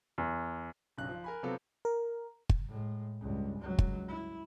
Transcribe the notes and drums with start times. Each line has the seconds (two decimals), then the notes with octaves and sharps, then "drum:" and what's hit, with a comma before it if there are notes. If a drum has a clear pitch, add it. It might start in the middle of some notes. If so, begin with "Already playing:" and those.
0.18 E2
0.98 B1 G2 C#3 F#3 F#6
1.09 F3
1.24 A#4 G#5 B5
1.43 C3 F#3 B3 C4 F4 A4
1.85 A#4
2.49 drum: kick
2.68 A2 G#3
3.20 C#2 G2
3.59 C#2 F#3
3.79 drum: kick
4.09 E4